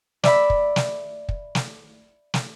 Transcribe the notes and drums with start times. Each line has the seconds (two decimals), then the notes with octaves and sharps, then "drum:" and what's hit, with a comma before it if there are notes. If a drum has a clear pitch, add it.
0.23 D5 E5 B5, drum: snare
0.50 drum: kick
0.76 drum: snare
1.29 drum: kick
1.55 drum: snare
2.34 drum: snare